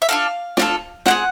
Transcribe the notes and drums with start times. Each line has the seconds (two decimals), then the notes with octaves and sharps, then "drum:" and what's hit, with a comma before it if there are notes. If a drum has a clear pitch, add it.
0.02 E5
0.09 D4 F4 A4 F5
0.57 D4 F4 A4, drum: snare
1.06 C4 E4 G#4 F#5, drum: snare